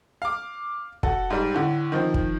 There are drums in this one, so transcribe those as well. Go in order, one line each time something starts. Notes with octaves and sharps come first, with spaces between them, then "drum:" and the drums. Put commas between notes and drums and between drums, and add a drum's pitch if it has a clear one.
F5 D6
F#4 A4, drum: kick
G#2 G3
A2 D3
D#3 F3 C4
drum: kick